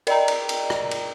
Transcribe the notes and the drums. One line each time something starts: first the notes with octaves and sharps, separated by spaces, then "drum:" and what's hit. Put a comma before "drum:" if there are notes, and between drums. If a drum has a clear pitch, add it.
A#4 D5 D#5 G5 A#5, drum: cymbal
drum: cymbal
drum: cymbal
drum: rim click
drum: cymbal